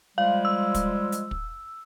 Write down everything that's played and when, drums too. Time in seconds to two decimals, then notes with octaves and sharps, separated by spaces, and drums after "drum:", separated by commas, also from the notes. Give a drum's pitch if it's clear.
0.18 F3 G3 G#3 F5
0.45 E6
0.74 drum: kick, hi-hat
1.12 drum: hi-hat
1.31 drum: kick